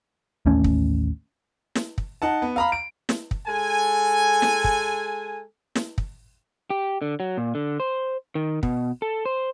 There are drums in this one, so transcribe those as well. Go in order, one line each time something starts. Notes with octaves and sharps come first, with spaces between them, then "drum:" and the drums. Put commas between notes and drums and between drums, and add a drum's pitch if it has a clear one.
A1 D#2 A3 C#4
drum: kick
drum: snare
drum: kick
D#4 F#5 A5
B3
F5 A#5 B5
D7
drum: snare
drum: kick
G#3 A4 G#5
drum: snare
drum: kick
drum: snare
drum: kick
G4
D3
F#3
A#2
D3
C5
D#3
B2, drum: kick
A4
C5